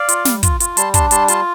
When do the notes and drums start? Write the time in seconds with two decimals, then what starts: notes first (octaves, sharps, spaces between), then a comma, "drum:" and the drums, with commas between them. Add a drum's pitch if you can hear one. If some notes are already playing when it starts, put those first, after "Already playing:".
Already playing: D5 F5
0.09 F4, drum: hi-hat
0.25 G3, drum: snare
0.43 F4, drum: kick, hi-hat
0.60 F4, drum: hi-hat
0.77 G3 A5 C6, drum: hi-hat
0.94 D4 A5 C6, drum: kick, hi-hat
1.11 G3 A5 C6, drum: hi-hat
1.28 F4 A5 C6, drum: hi-hat